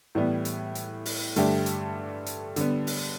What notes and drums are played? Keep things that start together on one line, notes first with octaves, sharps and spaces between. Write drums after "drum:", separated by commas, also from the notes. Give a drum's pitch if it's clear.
A2 E3 G3 B3
drum: hi-hat
drum: hi-hat
drum: open hi-hat
G2 D3 A3 D4 G4, drum: hi-hat
drum: hi-hat
drum: hi-hat
D3 G3 B3, drum: hi-hat
drum: open hi-hat